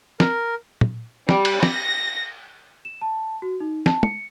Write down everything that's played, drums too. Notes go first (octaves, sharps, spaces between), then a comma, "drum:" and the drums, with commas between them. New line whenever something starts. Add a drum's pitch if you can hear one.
A#4, drum: snare
drum: tom
G3, drum: snare
drum: cymbal
A#6, drum: snare
E7
A5
F#4
D#4
A5, drum: snare
C#7, drum: tom